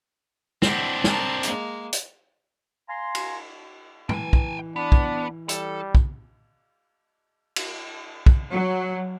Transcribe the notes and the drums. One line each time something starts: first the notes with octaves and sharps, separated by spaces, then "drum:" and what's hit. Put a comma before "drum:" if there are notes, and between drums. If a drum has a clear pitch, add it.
C4 D4 E4 F#5, drum: snare
A#4 A5, drum: snare
G#3 A#3, drum: hi-hat
drum: hi-hat
F5 G#5 A#5 C6
drum: cymbal
E3 G5 G#5, drum: tom A2
drum: kick
B3 D4
drum: kick
G3 A4, drum: hi-hat
drum: kick
drum: cymbal
drum: kick
F#3